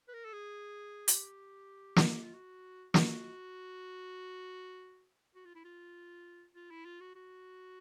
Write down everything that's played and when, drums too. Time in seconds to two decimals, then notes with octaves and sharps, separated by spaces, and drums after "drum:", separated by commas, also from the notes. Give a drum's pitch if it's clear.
0.08 B4
0.13 A#4
0.25 A4
0.33 G#4
1.08 F#4, drum: hi-hat
1.14 G4
1.96 drum: snare
2.23 F4
2.34 F#4
2.94 F#4, drum: snare
5.35 F#4
5.46 F4
5.55 E4
5.65 F4
6.55 F4
6.71 E4
6.85 F4
7.01 F#4
7.16 F#4